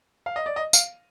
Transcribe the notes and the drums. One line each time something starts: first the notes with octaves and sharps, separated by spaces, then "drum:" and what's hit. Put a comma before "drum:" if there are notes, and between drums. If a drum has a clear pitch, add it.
F5
D#5
D5
D#5
F5, drum: tambourine